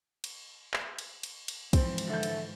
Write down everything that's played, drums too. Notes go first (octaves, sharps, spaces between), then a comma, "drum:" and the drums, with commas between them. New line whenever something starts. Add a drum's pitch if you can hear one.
drum: cymbal
drum: clap
drum: cymbal
drum: cymbal
drum: cymbal
G#2 E3 F3 C4 C5, drum: kick, cymbal
drum: cymbal
D3 A4 E5 G6
drum: cymbal